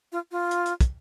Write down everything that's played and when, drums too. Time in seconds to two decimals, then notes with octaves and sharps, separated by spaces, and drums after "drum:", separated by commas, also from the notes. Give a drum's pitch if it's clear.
0.12 F4
0.32 F4
0.51 drum: hi-hat
0.66 drum: hi-hat
0.81 drum: kick, hi-hat